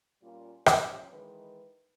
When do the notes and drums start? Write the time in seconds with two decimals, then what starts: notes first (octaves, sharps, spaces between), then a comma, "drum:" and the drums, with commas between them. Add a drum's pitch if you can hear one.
0.22 A#2 G3 A#3 C#4 F4
0.66 F#2 C3 F3 C#4 F4 C#5, drum: rim click
1.12 D#3 E3 G#3 B4